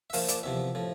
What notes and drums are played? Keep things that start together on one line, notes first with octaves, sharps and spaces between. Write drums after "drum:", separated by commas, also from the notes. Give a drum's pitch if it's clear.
E5
A#1 A#2 F3 F5, drum: open hi-hat
D5, drum: hi-hat
E2 C3 F3 E5
A2 F3